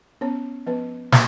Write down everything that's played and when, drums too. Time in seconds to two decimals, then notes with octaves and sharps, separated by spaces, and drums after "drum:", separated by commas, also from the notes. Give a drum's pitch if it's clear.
0.21 B3 C#4 C#5
0.66 F3 B3 B4
1.12 A#3, drum: snare